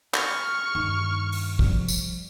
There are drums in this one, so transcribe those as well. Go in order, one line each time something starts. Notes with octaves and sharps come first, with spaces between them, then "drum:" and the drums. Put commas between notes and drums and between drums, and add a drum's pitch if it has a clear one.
C#6 F6, drum: clap
G2 D#3
drum: open hi-hat
F3 G3, drum: kick
drum: tambourine